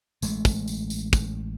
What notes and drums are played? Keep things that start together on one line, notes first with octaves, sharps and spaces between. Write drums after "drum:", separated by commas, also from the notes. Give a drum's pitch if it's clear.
A1 G#3 A3, drum: tambourine
drum: kick, tambourine
drum: tambourine
drum: tambourine
drum: kick, tambourine